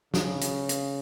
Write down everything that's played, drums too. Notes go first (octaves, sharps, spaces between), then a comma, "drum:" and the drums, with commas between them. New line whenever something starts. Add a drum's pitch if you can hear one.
C#3, drum: snare
drum: hi-hat
drum: hi-hat